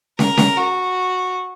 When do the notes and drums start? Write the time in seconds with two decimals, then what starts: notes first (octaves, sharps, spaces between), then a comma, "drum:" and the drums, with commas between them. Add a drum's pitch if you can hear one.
0.19 A#4, drum: snare
0.37 drum: snare
0.56 F#4